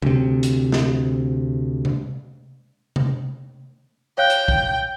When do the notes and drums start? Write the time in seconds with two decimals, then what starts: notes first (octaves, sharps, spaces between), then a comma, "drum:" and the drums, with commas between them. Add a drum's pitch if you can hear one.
0.02 D2 C3, drum: tom C3
0.43 drum: hi-hat
0.72 drum: snare
1.85 drum: tom C3
2.96 drum: tom C3
4.18 C#5 F5 G5 F#6
4.30 drum: hi-hat
4.48 drum: kick